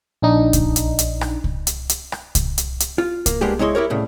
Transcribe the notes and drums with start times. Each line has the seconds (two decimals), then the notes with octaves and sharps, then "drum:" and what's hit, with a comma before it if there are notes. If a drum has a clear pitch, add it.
0.22 A#1 D4 D#4
0.53 drum: kick C2, hi-hat
0.76 drum: hi-hat
0.99 drum: hi-hat
1.21 drum: rim click
1.44 drum: kick C2
1.67 drum: hi-hat
1.89 drum: hi-hat
2.12 drum: rim click
2.35 drum: kick C2, hi-hat
2.58 drum: hi-hat
2.80 drum: hi-hat
2.98 F4
3.26 A#3, drum: kick C2, hi-hat
3.41 G#3 A#3 B3 D4 G4 G#4
3.59 G#3 D#4 E4 C#5 C6
3.75 E4 G4 A#4 C#5
3.90 C2 A2 C#3